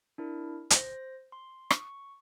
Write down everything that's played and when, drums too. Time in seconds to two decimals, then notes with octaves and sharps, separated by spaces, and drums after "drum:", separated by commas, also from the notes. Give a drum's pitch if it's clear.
0.18 D4 E4 A#4
0.70 C5 A#6, drum: hi-hat
1.32 C6
1.70 C#6, drum: rim click